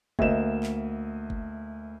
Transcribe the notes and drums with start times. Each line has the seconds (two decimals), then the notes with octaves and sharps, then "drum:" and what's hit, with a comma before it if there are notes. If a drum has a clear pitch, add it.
0.19 D2 A#3 D#5 E5 E7, drum: kick G1
0.63 drum: clap
1.30 drum: kick G1